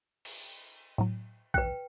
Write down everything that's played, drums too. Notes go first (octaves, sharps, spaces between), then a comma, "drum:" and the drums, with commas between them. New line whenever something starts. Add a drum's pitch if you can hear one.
drum: cymbal
A2 F#3
B4 G5 F#6, drum: kick